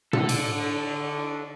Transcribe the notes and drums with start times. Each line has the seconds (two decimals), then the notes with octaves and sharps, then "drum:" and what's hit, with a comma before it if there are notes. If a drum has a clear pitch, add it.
0.13 D4 A4, drum: tom
0.29 drum: cymbal